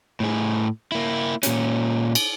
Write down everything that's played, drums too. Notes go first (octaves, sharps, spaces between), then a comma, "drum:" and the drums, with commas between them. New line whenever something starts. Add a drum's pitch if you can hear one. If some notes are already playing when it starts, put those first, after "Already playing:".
A2 G#4
A#3 E4
A#2 C#4, drum: hi-hat
drum: cymbal